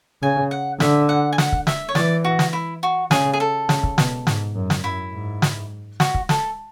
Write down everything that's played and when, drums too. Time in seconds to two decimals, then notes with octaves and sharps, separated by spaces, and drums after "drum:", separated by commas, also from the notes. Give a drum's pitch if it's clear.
0.23 C#3 G#5
0.51 F#5
0.80 D3 E5, drum: snare
1.09 F#5
1.32 G#5
1.38 F#5, drum: snare
1.52 drum: kick
1.67 E5, drum: snare
1.89 C#5
1.95 E3 D5, drum: snare
2.24 F#4
2.39 drum: snare
2.53 E4
2.83 F#4
3.11 C#3 G#4, drum: snare
3.33 G#4
3.40 A4
3.69 C#3, drum: snare
3.83 drum: kick
3.98 B2, drum: snare
4.27 G#2, drum: snare
4.56 F#2
4.70 drum: snare
4.84 F#2 E4
5.13 G#2
5.42 drum: snare
6.00 F#4, drum: snare
6.14 drum: kick
6.29 A4, drum: snare